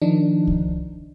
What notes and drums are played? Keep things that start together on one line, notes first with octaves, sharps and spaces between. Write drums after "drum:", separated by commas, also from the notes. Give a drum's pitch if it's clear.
D#3 F3 D4 D#4
drum: kick C2